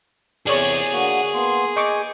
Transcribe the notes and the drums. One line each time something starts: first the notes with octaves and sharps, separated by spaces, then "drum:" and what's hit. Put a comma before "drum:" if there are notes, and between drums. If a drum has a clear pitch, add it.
E2 C3 G#4 C#5 D5, drum: open hi-hat
D3 A#3 F#4
A#3 B3 C6
D#5 C#6 D6 G6